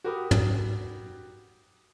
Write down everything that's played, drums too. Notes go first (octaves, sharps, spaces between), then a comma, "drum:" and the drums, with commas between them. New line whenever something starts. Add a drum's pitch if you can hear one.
F#4 G4 A#4 B5 D6 D#6
drum: tom